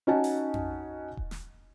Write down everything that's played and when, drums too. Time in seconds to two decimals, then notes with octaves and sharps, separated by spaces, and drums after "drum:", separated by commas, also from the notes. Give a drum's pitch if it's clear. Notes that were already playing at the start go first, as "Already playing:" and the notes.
0.07 C#4 D#4 F#4 D#5 G#5 A5
0.24 drum: open hi-hat
0.54 drum: tom F2
1.17 drum: kick D#1
1.31 drum: snare